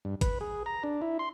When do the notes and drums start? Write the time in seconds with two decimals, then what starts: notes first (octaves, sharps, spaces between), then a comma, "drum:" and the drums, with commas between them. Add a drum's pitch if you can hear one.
0.05 G2
0.21 B4, drum: kick, hi-hat
0.41 G#4
0.66 A#5
0.84 D4
1.02 E4
1.19 C6